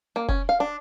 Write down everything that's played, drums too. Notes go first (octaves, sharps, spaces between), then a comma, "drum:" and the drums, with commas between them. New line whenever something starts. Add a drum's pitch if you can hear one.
A#3
C#4, drum: kick
F5
D4